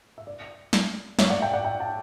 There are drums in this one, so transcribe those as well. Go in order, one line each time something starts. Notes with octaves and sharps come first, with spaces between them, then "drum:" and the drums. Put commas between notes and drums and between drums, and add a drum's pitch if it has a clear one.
E5
D5
drum: snare
C#5 E5, drum: snare
D5 F#5
E5 G5
D5 F#5
E5 G5
F#5 A5